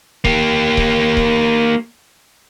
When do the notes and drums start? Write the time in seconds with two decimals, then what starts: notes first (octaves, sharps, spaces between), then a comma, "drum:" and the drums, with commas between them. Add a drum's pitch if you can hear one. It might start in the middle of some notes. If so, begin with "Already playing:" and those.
0.25 A#3 G4, drum: kick C#1
0.77 drum: kick C#1
1.17 drum: kick C#1